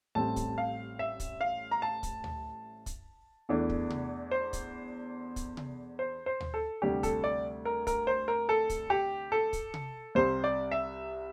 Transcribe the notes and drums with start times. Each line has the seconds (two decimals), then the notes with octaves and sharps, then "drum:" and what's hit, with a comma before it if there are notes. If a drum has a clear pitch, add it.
0.15 A1 A2 G3 C4 A5
0.36 drum: kick, hi-hat
0.58 F5
0.99 E5
1.20 drum: kick, hi-hat
1.41 F5
1.71 A#5
1.82 A5
2.03 drum: kick, hi-hat
2.24 drum: tom D2
2.86 drum: kick, hi-hat
3.49 E2 E3 A3 D4
3.70 drum: kick
3.90 drum: tom C3
4.31 C5
4.53 drum: kick, hi-hat
5.36 drum: kick, hi-hat
5.57 drum: tom C3
5.99 C5
6.26 C5
6.40 drum: tom D2
6.54 A4
6.82 D2 C3 G3 D4 G4
7.03 A4, drum: kick, hi-hat
7.24 D5
7.65 A#4
7.87 A#4, drum: kick, hi-hat
8.07 C5
8.28 A#4
8.49 A4
8.70 drum: kick, hi-hat
8.90 G4
9.32 A4
9.53 drum: kick, hi-hat
9.74 drum: tom C3
10.15 C2 C3 G3 C5
10.44 D5
10.71 E5